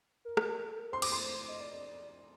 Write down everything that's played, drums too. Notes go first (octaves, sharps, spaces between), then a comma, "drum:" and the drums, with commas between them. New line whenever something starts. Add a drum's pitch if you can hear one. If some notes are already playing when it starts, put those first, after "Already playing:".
A#4
drum: rim click
A4
A#4
C5 C6
D6, drum: cymbal
C6
D#5
D5